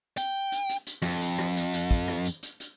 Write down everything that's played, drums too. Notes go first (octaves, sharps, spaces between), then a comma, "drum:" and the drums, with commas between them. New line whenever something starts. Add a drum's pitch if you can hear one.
G5, drum: hi-hat
drum: hi-hat
drum: hi-hat
drum: hi-hat
F2, drum: rim click
drum: hi-hat
drum: rim click
drum: hi-hat
drum: hi-hat
drum: kick, hi-hat
drum: rim click
drum: hi-hat
drum: hi-hat
drum: hi-hat